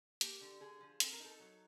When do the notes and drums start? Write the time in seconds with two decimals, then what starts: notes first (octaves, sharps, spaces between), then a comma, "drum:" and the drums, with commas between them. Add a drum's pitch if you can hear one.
0.21 A#3 G4, drum: hi-hat
0.41 D3
0.60 D3 G#4
0.80 F3
1.00 C4 A4, drum: hi-hat
1.13 A#4
1.20 D#4 A4
1.40 F#3